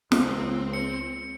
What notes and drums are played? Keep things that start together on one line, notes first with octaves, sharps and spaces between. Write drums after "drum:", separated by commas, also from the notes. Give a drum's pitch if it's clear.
C#2 C4, drum: snare
C#7